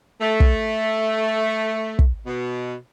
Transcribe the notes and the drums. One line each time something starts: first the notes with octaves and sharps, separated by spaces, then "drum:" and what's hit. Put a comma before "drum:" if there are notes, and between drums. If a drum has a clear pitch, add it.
A3
drum: kick
drum: kick
B2